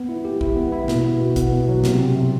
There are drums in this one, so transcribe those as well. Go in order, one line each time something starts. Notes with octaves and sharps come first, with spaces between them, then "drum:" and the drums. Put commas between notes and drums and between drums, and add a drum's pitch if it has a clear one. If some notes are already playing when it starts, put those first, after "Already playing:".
Already playing: B3
E4
G4
E4, drum: kick
B3
E4
B2, drum: snare
B3
B2
B3, drum: kick, hi-hat
B2
F#3
C3, drum: snare
C4
C3